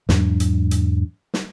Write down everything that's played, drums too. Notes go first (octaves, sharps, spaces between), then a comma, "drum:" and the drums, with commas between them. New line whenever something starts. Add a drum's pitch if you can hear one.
E2 G#2 F#3 D4, drum: snare
drum: hi-hat
drum: hi-hat
drum: snare